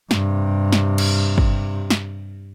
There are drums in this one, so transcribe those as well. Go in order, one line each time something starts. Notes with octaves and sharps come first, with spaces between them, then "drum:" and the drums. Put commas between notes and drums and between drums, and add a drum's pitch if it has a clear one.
G2 C3, drum: snare
drum: snare
drum: cymbal
drum: kick
drum: snare